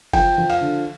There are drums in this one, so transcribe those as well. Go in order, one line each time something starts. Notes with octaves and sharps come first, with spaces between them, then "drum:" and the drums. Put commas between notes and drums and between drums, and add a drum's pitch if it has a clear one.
F3 G5, drum: kick F#1, cymbal
F3
F5, drum: cymbal
D3